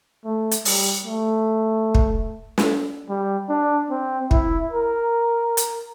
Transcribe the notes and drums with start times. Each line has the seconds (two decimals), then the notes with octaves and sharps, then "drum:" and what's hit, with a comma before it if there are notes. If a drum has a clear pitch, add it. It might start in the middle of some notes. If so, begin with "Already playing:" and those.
0.25 A3
0.51 drum: hi-hat
0.65 G3, drum: open hi-hat
1.06 A3
1.95 drum: kick
2.58 drum: snare
3.09 G3
3.49 D4
3.90 C4
4.31 E4, drum: kick
4.72 A#4
5.57 drum: hi-hat